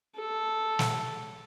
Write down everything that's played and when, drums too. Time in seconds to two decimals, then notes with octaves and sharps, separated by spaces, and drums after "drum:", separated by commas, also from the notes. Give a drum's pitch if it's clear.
0.16 A4
0.79 drum: snare